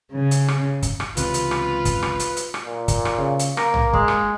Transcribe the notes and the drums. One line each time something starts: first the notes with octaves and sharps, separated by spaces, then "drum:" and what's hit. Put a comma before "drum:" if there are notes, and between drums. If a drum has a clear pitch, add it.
C#3
drum: hi-hat
drum: rim click
drum: kick, hi-hat
drum: rim click
C#2 C3 E3 F4 B4, drum: hi-hat
drum: hi-hat
drum: rim click
drum: kick, hi-hat
drum: rim click
drum: hi-hat
drum: hi-hat
drum: rim click
A#2
drum: kick, hi-hat
drum: rim click
C#3
drum: hi-hat
A#3 A#4, drum: rim click
drum: tom B1
G#3, drum: kick
drum: rim click